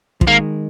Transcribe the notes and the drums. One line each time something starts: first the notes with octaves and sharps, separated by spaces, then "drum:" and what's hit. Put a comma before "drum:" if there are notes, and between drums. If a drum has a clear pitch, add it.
F3, drum: kick
D#3 G#3 A#3